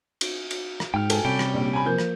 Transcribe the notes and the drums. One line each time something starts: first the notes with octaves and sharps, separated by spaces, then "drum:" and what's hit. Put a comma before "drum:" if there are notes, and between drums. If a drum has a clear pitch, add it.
drum: cymbal
drum: cymbal
drum: rim click
G#2 G5 F6
A4 G#5, drum: cymbal
C3 G3 C#4 G5
drum: rim click
A#1
G#5 A#5 B5
F3 A#3 G6
drum: rim click